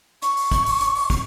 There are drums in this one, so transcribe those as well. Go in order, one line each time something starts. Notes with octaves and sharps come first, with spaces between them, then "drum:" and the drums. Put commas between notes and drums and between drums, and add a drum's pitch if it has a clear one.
C#6, drum: hi-hat
drum: open hi-hat
drum: kick, hi-hat
drum: open hi-hat
drum: hi-hat
drum: open hi-hat
drum: kick, hi-hat